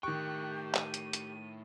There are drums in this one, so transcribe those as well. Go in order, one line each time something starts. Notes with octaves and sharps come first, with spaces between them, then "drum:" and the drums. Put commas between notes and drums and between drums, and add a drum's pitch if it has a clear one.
A2 D#3 G4 G5 C#6 F#6
D#7, drum: clap
drum: hi-hat
drum: hi-hat